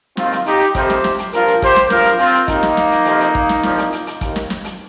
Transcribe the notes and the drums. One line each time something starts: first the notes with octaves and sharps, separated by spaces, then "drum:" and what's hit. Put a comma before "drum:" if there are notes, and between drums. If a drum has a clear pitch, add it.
D#2 D#3 C4 F4, drum: snare
drum: hi-hat
D#4 G4, drum: hi-hat
drum: hi-hat
F2 C3 D#3 G4 C5, drum: kick, hi-hat
drum: snare
drum: snare
drum: hi-hat
G2 F3 F4 A#4, drum: hi-hat
drum: hi-hat
G4 C5, drum: kick, hi-hat
drum: snare
G2 F3 F4 A#4, drum: snare
drum: hi-hat
C4 F4, drum: hi-hat
drum: hi-hat
D#2 D#3 A#3 D#4, drum: kick, hi-hat
drum: snare
drum: snare
drum: hi-hat
F2 C3 F3, drum: hi-hat
drum: hi-hat
drum: kick
drum: snare
C2 A#2 F3, drum: snare
drum: hi-hat
drum: hi-hat
drum: hi-hat
D#2 D#3, drum: kick, hi-hat
drum: snare
drum: snare
drum: hi-hat